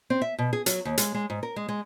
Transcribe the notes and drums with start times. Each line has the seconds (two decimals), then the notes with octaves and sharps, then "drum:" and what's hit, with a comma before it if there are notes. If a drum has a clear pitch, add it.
0.10 C4
0.22 E5
0.38 B2
0.53 G#4
0.66 F#3, drum: hi-hat
0.85 D#2
0.98 G#3, drum: hi-hat
1.14 G#3
1.30 G#2
1.43 A#4
1.56 G#3
1.69 G#3